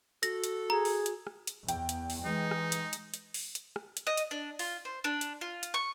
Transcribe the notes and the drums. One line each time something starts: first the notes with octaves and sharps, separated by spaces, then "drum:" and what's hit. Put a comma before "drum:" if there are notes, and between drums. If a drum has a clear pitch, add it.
F#4 A4 A#6, drum: hi-hat
drum: hi-hat
G#4 A#5
drum: open hi-hat
drum: hi-hat
drum: rim click
drum: hi-hat
E2 G5, drum: hi-hat
drum: hi-hat
drum: open hi-hat
E3 G#3 D#4
drum: rim click
drum: hi-hat
drum: hi-hat
drum: hi-hat
drum: open hi-hat
drum: hi-hat
drum: rim click
drum: hi-hat
D#5
drum: hi-hat
D4
F4, drum: open hi-hat
C5
D4
drum: hi-hat
F4
drum: hi-hat
C#6